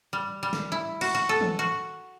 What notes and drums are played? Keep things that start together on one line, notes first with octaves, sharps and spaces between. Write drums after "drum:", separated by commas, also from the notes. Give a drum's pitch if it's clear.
G3
G3
drum: snare
E4
F#4, drum: cymbal
F#4
A4
drum: tom
F#4